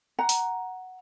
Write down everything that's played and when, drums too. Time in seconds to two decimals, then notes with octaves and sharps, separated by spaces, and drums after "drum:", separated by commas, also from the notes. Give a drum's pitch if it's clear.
0.19 F#5 A#5
0.29 drum: open hi-hat